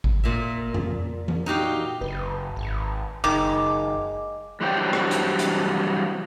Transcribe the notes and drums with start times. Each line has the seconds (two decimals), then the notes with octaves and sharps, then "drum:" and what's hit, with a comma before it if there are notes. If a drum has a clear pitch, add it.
0.04 drum: kick G#1
0.24 A#2 E5
0.74 drum: tom F2
1.28 drum: tom E3
1.46 D#4 F#4 G4 F5
2.01 F#1 B4
2.56 G#1
3.24 F#1 D#3 G#3 G#4 D6
4.61 G2 E3 F#3 G4 C5 G5
4.93 drum: rim click
5.11 drum: hi-hat
5.39 drum: hi-hat